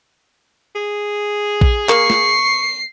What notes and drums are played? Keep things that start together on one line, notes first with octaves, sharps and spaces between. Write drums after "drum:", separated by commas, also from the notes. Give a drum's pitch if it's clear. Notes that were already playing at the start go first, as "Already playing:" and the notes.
G#4
drum: kick A#1
A#3 C#6 C7, drum: clap
drum: snare